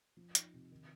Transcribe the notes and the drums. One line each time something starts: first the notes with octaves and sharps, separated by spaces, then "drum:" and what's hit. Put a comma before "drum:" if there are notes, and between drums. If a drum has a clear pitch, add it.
F3
D#4, drum: hi-hat
C3
D#3